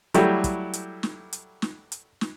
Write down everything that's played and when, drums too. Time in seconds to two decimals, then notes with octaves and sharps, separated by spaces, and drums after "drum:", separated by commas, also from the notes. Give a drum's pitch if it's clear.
0.14 F#3 G3 A3 E4 F#4 G4, drum: hi-hat
0.44 drum: kick, hi-hat
0.73 drum: hi-hat
1.03 drum: snare
1.33 drum: hi-hat
1.62 drum: snare
1.92 drum: hi-hat
2.21 drum: snare